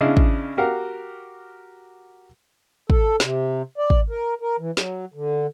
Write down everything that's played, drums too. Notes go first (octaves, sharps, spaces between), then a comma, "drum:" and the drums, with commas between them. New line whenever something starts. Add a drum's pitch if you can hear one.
C#3 D4 E4 G#4 D#5 F5
drum: kick
F#4 G4 A#4 F5 F#5
A4, drum: kick
C3, drum: snare
D5
drum: kick
A#4
A#4
E3
F#3, drum: snare
D3